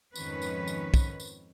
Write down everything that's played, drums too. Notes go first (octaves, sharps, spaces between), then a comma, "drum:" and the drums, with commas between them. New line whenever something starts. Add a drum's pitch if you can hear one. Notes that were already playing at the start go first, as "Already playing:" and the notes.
F2 G#2 D#3 C#4 B4, drum: tambourine
drum: tambourine
drum: tambourine
drum: kick, tambourine
drum: tambourine